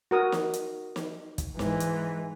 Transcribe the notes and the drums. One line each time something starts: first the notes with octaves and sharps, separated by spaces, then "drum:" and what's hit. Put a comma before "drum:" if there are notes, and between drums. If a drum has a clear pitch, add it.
F#4 A#4 D#6
drum: snare
drum: hi-hat
drum: snare
drum: kick, hi-hat
G#2 E3, drum: snare
drum: hi-hat